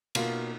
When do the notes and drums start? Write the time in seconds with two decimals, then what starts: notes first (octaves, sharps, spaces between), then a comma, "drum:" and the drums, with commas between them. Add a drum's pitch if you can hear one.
0.15 B2 A#3 F4, drum: cymbal